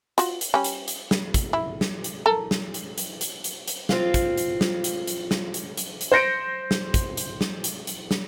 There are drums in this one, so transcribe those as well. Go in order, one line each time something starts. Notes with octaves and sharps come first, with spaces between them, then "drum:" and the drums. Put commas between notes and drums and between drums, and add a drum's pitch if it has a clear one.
F4 F#4, drum: hi-hat
drum: hi-hat
G3 C#4
drum: hi-hat
drum: hi-hat
drum: snare
drum: kick, hi-hat
E4
drum: snare
drum: hi-hat
A4 A#4
drum: snare
drum: hi-hat
drum: hi-hat
drum: hi-hat
drum: hi-hat
drum: hi-hat
C4 F4 F5, drum: snare
drum: kick, hi-hat
drum: hi-hat
drum: snare
drum: hi-hat
drum: hi-hat
drum: snare
drum: hi-hat
drum: hi-hat
drum: hi-hat
C5 G6 A#6 C#7 D7
drum: snare
drum: kick, hi-hat
drum: hi-hat
drum: snare
drum: hi-hat
drum: hi-hat
drum: snare